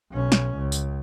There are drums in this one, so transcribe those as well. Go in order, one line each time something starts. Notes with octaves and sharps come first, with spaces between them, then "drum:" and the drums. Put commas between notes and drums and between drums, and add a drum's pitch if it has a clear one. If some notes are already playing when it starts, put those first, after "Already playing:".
B1 C#4
drum: snare
C#2
drum: tambourine